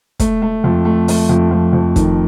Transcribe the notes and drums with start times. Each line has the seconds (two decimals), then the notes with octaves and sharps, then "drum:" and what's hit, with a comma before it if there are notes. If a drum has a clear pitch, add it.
0.20 A3, drum: kick, hi-hat
0.42 A3
0.64 F2
0.85 A3
1.08 A3, drum: open hi-hat
1.29 F2
1.51 F2
1.73 F2
1.96 D#3, drum: kick, hi-hat